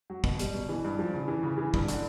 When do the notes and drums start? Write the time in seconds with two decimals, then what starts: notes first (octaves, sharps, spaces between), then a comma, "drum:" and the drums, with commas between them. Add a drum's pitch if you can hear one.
0.10 F#3
0.24 B2, drum: kick
0.39 G3, drum: hi-hat
0.55 B2
0.69 E3
0.84 G2
0.99 F3
1.14 C#3
1.28 E3
1.43 C#3
1.58 E3
1.74 G2, drum: kick
1.88 D3, drum: hi-hat